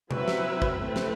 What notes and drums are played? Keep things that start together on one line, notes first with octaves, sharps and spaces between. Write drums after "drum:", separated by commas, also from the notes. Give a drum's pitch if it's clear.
F#3 C4 E4 B4 E5, drum: tom B2
drum: snare
drum: kick
A3 C4 E4 B4 E5
drum: snare